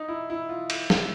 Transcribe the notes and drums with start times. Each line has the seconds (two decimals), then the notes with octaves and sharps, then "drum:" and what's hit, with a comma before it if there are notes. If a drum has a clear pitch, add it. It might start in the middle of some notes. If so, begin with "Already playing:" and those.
Already playing: D#4
0.08 E4
0.30 E4
0.49 F4
0.70 drum: cymbal
0.90 drum: snare